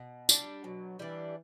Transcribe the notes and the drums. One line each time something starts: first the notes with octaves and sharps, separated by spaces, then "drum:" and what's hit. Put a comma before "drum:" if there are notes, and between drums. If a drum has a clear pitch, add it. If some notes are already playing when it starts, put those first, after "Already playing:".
Already playing: B2
G3 D4, drum: tambourine
B2 F#3
E3 G3 D4